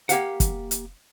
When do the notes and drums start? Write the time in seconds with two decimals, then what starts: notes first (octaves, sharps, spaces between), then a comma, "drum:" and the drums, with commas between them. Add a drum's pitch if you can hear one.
0.09 A#3 G4 F5 F#5, drum: hi-hat
0.40 drum: kick, hi-hat
0.71 drum: hi-hat